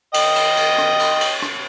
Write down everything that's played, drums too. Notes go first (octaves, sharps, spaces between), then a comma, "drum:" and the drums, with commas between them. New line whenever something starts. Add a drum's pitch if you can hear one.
D#5 G5, drum: cymbal
drum: cymbal
drum: cymbal
drum: rim click
drum: cymbal
drum: cymbal
drum: rim click